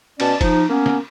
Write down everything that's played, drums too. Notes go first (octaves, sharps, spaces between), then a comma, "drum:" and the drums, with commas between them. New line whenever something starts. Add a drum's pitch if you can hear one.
B2 C#4 D5 A5, drum: cymbal
F3 D#4, drum: kick F1, cymbal
A#3 B3 C#4
drum: snare